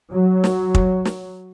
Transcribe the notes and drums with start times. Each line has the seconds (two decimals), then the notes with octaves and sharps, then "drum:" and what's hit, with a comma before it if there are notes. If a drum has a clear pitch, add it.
0.13 F#3
0.44 drum: snare
0.75 drum: kick
1.05 drum: snare